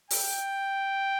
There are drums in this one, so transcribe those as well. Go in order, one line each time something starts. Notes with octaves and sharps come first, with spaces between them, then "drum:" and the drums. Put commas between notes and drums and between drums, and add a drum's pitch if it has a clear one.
G5, drum: open hi-hat